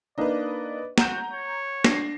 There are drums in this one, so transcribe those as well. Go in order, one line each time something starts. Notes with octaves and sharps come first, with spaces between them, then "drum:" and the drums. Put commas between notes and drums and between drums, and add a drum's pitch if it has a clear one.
A#3 D4 D#4 B4 D5 D#5
F#4 F#5 A#5 G6 E7, drum: snare
C#5
D4 A#6 C7, drum: snare